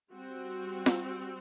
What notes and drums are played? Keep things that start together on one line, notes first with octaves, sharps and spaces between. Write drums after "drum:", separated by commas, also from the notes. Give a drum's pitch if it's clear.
G3 C4 F#4
drum: snare F4